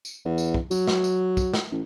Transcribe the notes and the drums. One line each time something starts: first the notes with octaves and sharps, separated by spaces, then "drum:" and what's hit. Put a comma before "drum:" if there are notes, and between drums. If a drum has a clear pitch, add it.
drum: tambourine
E2
drum: tambourine
drum: kick
F#3, drum: tambourine
drum: snare
drum: tambourine
drum: kick, tambourine
drum: snare
A1